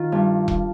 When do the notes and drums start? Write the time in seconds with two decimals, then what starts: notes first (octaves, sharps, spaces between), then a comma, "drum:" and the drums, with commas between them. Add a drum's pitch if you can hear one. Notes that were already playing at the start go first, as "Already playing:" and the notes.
Already playing: D#3 F4
0.12 G2 G3
0.48 drum: kick E1